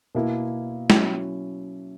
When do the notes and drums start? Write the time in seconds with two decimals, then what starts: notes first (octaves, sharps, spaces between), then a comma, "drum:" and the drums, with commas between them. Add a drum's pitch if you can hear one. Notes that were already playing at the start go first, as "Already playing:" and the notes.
0.15 B2 A#3 E4
0.90 F#3 C#4 E4, drum: snare